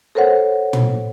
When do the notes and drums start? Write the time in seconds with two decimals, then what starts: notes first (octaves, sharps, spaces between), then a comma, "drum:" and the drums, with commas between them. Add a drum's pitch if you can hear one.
0.15 A4 A#4 C5 C#5 F#5
0.73 drum: tom